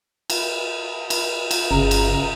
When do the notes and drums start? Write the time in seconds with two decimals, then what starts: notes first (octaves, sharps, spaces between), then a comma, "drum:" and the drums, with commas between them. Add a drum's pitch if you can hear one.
0.30 drum: cymbal
1.10 drum: cymbal
1.51 drum: cymbal
1.71 G1 C#3 A#5
1.91 drum: cymbal